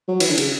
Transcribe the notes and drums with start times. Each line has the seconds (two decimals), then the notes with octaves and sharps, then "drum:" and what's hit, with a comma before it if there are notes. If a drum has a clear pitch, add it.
0.08 F#3
0.20 E3, drum: cymbal
0.29 D3
0.38 C#3, drum: cymbal